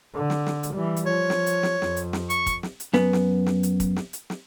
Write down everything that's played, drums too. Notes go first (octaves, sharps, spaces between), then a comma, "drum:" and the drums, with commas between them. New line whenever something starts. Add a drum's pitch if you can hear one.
D3
drum: snare
drum: snare
drum: hi-hat
E3 G3
drum: hi-hat
F3 C#5
drum: snare
drum: hi-hat
drum: snare
F2, drum: snare
drum: hi-hat
drum: snare
C#6, drum: hi-hat
drum: kick, hi-hat
drum: snare
drum: hi-hat
F#2 B3, drum: snare
drum: snare
drum: snare
drum: hi-hat
drum: kick, hi-hat
drum: snare
drum: hi-hat
drum: snare